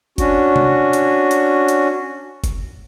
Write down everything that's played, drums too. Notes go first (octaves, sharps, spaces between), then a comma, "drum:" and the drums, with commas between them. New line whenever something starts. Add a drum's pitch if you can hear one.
C#4 D4 F#4, drum: kick F#1, hi-hat
drum: tom C3
drum: hi-hat
drum: hi-hat
drum: hi-hat
drum: kick F#1, hi-hat